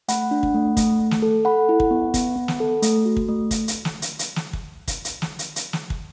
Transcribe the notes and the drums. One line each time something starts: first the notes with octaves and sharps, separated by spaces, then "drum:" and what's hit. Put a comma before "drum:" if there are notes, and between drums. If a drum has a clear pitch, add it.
A3 F#5 B5, drum: hi-hat
D4
drum: kick
A3
A3, drum: kick, hi-hat
A3
drum: snare
A4
A4 F#5 B5
E4
drum: kick
B3
B3, drum: kick, hi-hat
B3
drum: snare
A4
A3, drum: hi-hat
F#4
drum: kick
A3
drum: kick, hi-hat
drum: hi-hat
drum: snare
drum: hi-hat
drum: hi-hat
drum: snare
drum: kick
drum: kick, hi-hat
drum: hi-hat
drum: snare
drum: hi-hat
drum: hi-hat
drum: snare
drum: kick